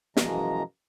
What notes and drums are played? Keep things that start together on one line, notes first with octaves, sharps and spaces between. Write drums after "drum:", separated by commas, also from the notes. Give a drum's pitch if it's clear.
F#2 B2 E3 F3 G#3 A#5, drum: snare